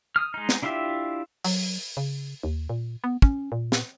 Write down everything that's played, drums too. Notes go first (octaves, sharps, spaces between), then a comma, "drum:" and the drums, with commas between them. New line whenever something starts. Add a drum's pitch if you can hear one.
D#6 F6
G#3 D#4
drum: snare
D4 E4 F4 G4 E5
F#3, drum: open hi-hat
C#3
D#2
A#2
B3
C#4, drum: kick
A#2
drum: snare